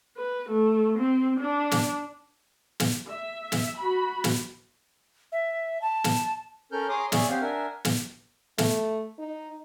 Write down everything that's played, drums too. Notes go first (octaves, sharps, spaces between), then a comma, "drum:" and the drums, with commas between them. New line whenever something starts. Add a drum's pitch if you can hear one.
B4
A3
C4
D4
drum: snare
drum: snare
E5
drum: snare
F#4 B5
drum: snare
E5
A5
drum: snare
C#4 A4 A#4 F6 G6
G#4 C#5 A#5 C6 D6 D#6
G#4 C#5 D5 E5, drum: snare
C4 G4 F5 F#5 G#5
D4 A#4 E5 F#5 G#5
drum: snare
A3, drum: snare
D#4